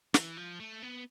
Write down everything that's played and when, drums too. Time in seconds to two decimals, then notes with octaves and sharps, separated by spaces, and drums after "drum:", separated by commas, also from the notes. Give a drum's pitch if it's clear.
0.14 E3, drum: snare
0.37 F3
0.60 A3
0.83 B3